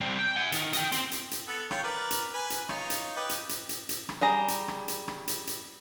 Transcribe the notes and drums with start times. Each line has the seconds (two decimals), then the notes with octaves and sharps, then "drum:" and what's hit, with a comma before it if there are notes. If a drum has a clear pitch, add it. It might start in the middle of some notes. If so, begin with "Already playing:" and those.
0.01 G3 C4
0.19 G5
0.37 F#5 G#5
0.52 D#3, drum: hi-hat
0.73 D#5 G5, drum: hi-hat
0.92 C4, drum: hi-hat
1.12 drum: hi-hat
1.31 drum: hi-hat
1.48 B3 A4
1.71 F4 C#5 G5, drum: rim click
1.84 A#4 B4 D5
2.11 drum: hi-hat
2.34 B4 G#5
2.50 drum: hi-hat
2.69 D#4 F4 C#5, drum: rim click
2.90 drum: hi-hat
3.16 G4 B4 D#5
3.29 drum: hi-hat
3.49 drum: hi-hat
3.69 drum: hi-hat
3.89 drum: hi-hat
4.09 drum: rim click
4.21 G3 G#4 A#5
4.48 drum: hi-hat
4.68 drum: rim click
4.88 drum: hi-hat
5.08 drum: rim click
5.28 drum: hi-hat
5.47 drum: hi-hat